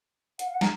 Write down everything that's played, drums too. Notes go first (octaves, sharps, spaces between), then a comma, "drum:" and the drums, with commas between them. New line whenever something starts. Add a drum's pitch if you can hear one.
F#5, drum: hi-hat
F5
F#5
A#5, drum: snare